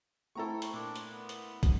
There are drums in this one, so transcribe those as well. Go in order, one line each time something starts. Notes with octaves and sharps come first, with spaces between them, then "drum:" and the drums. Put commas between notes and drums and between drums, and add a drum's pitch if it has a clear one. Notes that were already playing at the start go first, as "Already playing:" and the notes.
A3 C4 E4 A4 A#5 C#6
drum: hi-hat
A#2 D4
drum: hi-hat
B3
drum: hi-hat
drum: kick, hi-hat